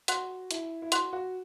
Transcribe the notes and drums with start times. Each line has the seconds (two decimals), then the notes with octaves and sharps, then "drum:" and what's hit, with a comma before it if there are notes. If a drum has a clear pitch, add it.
0.08 F#4 F#5 C6 F#6, drum: hi-hat
0.51 E4, drum: hi-hat
0.82 E4
0.92 F#4 F#5 C6 F#6, drum: hi-hat
1.13 F#4